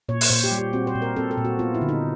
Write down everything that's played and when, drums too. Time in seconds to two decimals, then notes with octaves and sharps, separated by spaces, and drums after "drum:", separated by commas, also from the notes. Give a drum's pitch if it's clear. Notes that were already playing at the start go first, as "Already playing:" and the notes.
0.09 A#2 C#5
0.21 drum: open hi-hat
0.30 A#2 C5
0.44 G4
0.52 G3
0.59 G4
0.73 C4 F#4
0.87 C5
0.95 A#2
1.02 A#4
1.16 C4 A4
1.31 A4
1.37 A#2
1.45 F#4
1.59 B3 F4
1.74 E4
1.81 D3
1.89 D#4